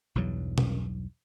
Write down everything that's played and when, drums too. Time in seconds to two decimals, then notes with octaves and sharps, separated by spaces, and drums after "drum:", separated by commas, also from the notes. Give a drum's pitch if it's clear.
0.15 B1 E2 G2 F#3
0.58 drum: tom B2